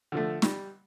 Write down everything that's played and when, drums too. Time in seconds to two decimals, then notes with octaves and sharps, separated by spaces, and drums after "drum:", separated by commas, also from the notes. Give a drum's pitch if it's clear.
0.12 D3 F3 A3
0.42 G3, drum: snare